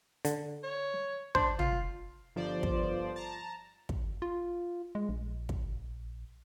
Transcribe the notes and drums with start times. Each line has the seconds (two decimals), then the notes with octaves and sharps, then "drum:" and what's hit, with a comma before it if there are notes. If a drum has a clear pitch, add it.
0.25 D3, drum: hi-hat
0.63 C#5
1.35 D4 C5, drum: kick
1.59 F4, drum: tom
2.36 G1 F3 C5 D5
2.63 drum: kick
3.16 A5 A#5
3.89 drum: kick
4.22 F4
4.95 G#3
5.09 A#1
5.49 drum: kick